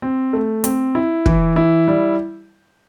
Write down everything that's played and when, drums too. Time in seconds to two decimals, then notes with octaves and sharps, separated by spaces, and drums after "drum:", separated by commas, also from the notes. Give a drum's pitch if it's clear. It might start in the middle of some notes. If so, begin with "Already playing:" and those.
0.02 C4
0.33 A3
0.64 C4, drum: hi-hat
0.95 E4
1.26 E3, drum: kick
1.56 E4
1.88 G3